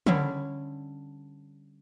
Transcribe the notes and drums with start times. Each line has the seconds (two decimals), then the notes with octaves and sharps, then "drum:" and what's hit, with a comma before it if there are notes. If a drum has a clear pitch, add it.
0.06 D3 G3 C#4 E4, drum: tom